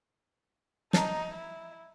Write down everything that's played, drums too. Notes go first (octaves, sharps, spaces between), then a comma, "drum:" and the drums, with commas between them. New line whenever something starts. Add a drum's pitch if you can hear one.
D#4 A5 A#5, drum: snare
E4